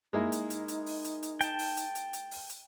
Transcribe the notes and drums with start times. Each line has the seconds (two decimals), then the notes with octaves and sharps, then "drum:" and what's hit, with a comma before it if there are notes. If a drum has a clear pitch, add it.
0.13 G#3 A#3 D#4 E4
0.32 drum: hi-hat
0.50 drum: hi-hat
0.68 drum: hi-hat
0.86 drum: open hi-hat
1.04 drum: hi-hat
1.23 drum: hi-hat
1.41 G5 A5, drum: hi-hat
1.59 drum: open hi-hat
1.77 drum: hi-hat
1.95 drum: hi-hat
2.13 drum: hi-hat
2.31 drum: open hi-hat
2.49 drum: hi-hat